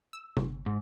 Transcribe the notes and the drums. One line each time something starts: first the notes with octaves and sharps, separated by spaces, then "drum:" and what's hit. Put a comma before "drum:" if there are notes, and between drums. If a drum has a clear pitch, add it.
E6
G1, drum: tom C3
G#2